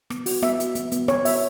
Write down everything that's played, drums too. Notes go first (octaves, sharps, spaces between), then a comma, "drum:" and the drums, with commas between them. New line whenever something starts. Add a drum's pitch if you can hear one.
B3, drum: rim click
F#4, drum: open hi-hat
B3 E5, drum: rim click
F#4, drum: hi-hat
B3, drum: hi-hat
B3, drum: hi-hat
B3 C#5, drum: rim click
F#4 E5, drum: open hi-hat